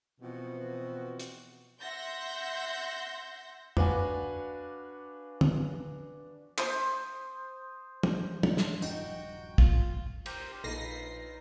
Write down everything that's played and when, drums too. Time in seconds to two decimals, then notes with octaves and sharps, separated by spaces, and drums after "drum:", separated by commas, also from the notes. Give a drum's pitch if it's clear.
0.21 B2 E3 F3 C4 F#4
1.20 drum: hi-hat
1.80 E5 F#5 C6 G6 A#6
3.77 D4 F#4 B4 F5 F#5 G#5, drum: tom
5.41 drum: tom
6.58 C5 D#6, drum: clap
8.03 drum: tom
8.43 drum: tom
8.57 drum: snare
8.82 D#1 G2 F3 D#4 F#4 G5, drum: tambourine
9.58 F4, drum: kick
10.26 G4 A#4 C5, drum: cymbal
10.64 A#1 D#4 F4 B4 A#6 C7